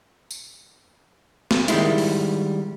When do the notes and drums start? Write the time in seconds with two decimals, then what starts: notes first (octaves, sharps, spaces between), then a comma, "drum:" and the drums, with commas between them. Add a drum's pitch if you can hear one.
0.31 drum: tambourine
1.51 drum: snare
1.68 D#3 G3 G#3 E4, drum: hi-hat
1.98 drum: open hi-hat